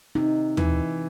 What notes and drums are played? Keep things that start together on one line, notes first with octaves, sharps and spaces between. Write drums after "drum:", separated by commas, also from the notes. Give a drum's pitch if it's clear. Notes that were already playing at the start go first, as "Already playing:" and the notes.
C3 D#4
E3, drum: tom